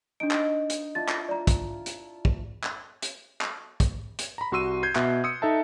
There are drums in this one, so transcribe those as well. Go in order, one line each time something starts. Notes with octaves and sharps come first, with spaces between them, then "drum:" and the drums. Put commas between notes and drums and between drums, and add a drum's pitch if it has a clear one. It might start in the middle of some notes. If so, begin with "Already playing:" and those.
D4 D#4 D7
drum: clap
drum: hi-hat
D4 E4 F4 A6
drum: clap
D5 A#5
drum: kick, hi-hat
drum: hi-hat
drum: kick
drum: clap
drum: hi-hat
drum: clap
drum: kick, hi-hat
drum: hi-hat
A#5 B5
C2 F#4 C6 E6 D#7
G6 G#6 C7
B2 E5 F#6, drum: clap
C6 D#6 E6 C#7
D#4 A4 E5 A5